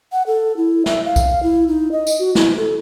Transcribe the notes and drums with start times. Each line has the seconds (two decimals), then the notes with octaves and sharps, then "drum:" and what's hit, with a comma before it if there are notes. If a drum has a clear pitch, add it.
0.12 F#5
0.27 A4
0.57 E4
0.86 E5, drum: snare
1.05 F5
1.16 drum: kick B1, tambourine
1.43 E4
1.68 D#4
1.92 D#5
2.07 drum: tambourine
2.19 F#4
2.35 E4, drum: snare
2.57 A4